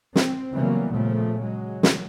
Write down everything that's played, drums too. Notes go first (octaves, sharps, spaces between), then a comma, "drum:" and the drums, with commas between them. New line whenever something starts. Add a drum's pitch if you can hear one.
C4, drum: snare
C#3 E3 F#3 G3 A#3 B3
A#2 C#3 F3 A3
F#3 G#3
drum: snare